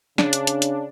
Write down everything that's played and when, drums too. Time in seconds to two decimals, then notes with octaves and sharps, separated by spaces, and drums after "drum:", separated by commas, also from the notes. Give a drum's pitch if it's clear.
0.18 C#3 D4, drum: snare
0.33 drum: hi-hat
0.47 drum: hi-hat
0.62 drum: hi-hat